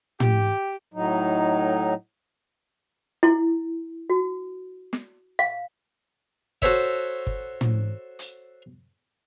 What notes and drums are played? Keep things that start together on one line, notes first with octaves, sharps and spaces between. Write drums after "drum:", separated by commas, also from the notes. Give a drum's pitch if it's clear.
G4, drum: tom
A2 F#3 D#4
E4
F#4
drum: snare
F5
F#4 A4 C5 C#5 E5, drum: kick G1
drum: kick G1
drum: tom
drum: hi-hat